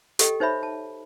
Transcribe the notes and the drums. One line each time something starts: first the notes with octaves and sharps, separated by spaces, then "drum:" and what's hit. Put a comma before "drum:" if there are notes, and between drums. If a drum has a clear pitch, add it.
G4 A4 D#5 G5, drum: hi-hat
D#4 C5 C#5 E5 B5
A5